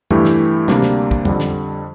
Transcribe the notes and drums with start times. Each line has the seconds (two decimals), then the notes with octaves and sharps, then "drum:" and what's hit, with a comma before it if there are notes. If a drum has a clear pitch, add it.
0.11 G2 E3 A3 E4 G4, drum: tom
0.25 drum: snare
0.68 D2 C3 G3 A#3 D4, drum: snare
0.82 drum: snare
1.11 drum: kick
1.25 F2 D3 G3, drum: tom
1.40 drum: snare